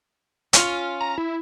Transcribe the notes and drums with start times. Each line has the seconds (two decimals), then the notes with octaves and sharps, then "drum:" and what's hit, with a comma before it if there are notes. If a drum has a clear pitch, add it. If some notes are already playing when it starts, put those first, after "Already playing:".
0.53 C#4 F4, drum: hi-hat
1.01 A#5
1.18 E4